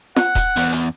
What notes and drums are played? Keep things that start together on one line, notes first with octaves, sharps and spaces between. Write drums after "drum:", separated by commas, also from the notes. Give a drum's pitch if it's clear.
F#5, drum: snare
drum: kick D#1, hi-hat
E2, drum: open hi-hat
drum: hi-hat